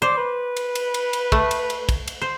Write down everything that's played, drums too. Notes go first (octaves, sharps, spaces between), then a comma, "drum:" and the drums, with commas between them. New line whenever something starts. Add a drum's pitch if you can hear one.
C5 D5
B4
drum: cymbal
drum: cymbal
drum: cymbal
drum: cymbal
A3, drum: kick
drum: cymbal
drum: cymbal
drum: kick, cymbal
drum: cymbal
C5